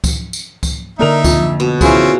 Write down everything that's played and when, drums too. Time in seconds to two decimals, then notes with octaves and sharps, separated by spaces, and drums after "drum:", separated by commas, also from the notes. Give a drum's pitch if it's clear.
0.04 drum: kick C#2, tambourine
0.33 drum: tambourine
0.63 drum: kick C#2, tambourine
0.99 D3 A#3 D4 D#4 A#4 E5 F7
1.24 F2, drum: kick C#2, tambourine
1.60 B2
1.81 C4 C#4 E4 F4 G#4, drum: kick C#2, tambourine